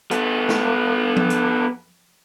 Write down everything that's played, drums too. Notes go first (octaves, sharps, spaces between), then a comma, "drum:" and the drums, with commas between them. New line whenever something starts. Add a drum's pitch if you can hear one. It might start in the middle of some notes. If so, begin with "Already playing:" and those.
B3 A4, drum: hi-hat
drum: snare
drum: tom F3
drum: hi-hat